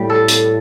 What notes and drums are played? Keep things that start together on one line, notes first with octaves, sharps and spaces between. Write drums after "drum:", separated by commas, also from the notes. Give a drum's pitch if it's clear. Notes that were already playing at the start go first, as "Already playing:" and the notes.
Already playing: A2 G3
A4
drum: hi-hat